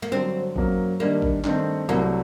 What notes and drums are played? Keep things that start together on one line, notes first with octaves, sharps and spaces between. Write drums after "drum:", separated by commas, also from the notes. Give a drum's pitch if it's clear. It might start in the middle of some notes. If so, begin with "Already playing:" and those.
A#3
G2 D3 F#3 C4
F#2 F#3 A#3, drum: kick G#1
G2 D#3 G3 A#3 D4
drum: kick G#1
G2 D#3 A3 C4, drum: clap
C2 C3 F#3 A3 A#3